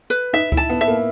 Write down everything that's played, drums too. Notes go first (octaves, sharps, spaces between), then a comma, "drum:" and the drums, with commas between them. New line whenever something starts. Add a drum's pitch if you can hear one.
B4
D#4 E5
E4, drum: kick C#2
A5
B3
E5
A#3